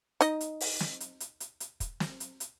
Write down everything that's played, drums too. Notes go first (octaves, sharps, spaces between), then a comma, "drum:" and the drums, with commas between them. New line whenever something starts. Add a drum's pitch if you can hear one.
D#4 D#5, drum: hi-hat
drum: hi-hat
drum: open hi-hat
drum: snare
drum: hi-hat
drum: hi-hat
drum: hi-hat
drum: hi-hat
drum: kick, hi-hat
drum: snare
drum: hi-hat
drum: hi-hat